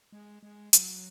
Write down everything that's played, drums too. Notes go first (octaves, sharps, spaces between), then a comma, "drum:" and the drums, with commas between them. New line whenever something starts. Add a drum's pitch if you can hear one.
G#3
G#3
F#3, drum: hi-hat